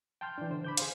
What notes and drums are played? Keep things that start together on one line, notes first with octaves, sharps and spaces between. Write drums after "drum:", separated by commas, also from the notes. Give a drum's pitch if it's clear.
G5 A5 C6 F6 G6
E3 D4
D3 C5
B5 D6 G6
G#4 C5 F5, drum: hi-hat